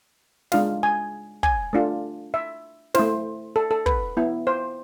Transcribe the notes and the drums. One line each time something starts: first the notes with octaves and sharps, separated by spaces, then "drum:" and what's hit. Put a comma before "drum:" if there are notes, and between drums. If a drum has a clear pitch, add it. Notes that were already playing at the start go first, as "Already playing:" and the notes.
G#3 D4 F4 F5, drum: snare
G#5
G#5, drum: kick
A3 D4 F4
E5
A3 E4 C5, drum: snare
A4
A4
B4, drum: kick
B3 E4
C5